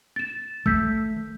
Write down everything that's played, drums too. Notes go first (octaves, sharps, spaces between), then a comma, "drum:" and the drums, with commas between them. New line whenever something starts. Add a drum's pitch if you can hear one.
A6 E7
A3 E6 G6 B6, drum: kick
drum: tom